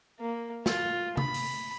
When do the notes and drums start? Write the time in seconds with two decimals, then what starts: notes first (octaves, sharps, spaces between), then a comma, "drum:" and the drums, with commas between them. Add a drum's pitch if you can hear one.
0.20 A#3
0.66 F4, drum: snare
1.17 B5, drum: tom C3
1.34 drum: open hi-hat